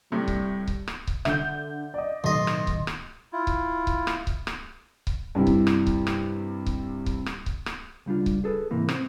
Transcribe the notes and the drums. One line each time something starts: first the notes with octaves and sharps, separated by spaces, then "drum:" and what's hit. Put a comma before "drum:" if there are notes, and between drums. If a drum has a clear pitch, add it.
A2 C3 G3
drum: kick C#1
drum: kick C#1
drum: rim click
drum: kick C#1
D3 E5 G6, drum: rim click
D5 D#5
B1 A2 D#3 F#3 D#5 C6
drum: rim click
drum: kick C#1
drum: rim click
E4 F4
drum: kick C#1
drum: kick C#1
drum: rim click
drum: kick C#1
drum: rim click
drum: kick C#1
G2 C3 E4
drum: kick C#1
drum: rim click
drum: kick C#1
drum: rim click
drum: kick C#1
drum: kick C#1
drum: rim click
drum: kick C#1
drum: rim click
C#2 G3 D4 F4
drum: kick C#1
G#4 A4 B4
G#2 C3 E3 A#3
C4, drum: rim click